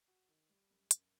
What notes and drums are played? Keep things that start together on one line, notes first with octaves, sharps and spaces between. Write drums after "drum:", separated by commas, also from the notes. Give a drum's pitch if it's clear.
F#4
D#3
G3
F#2
F#2, drum: hi-hat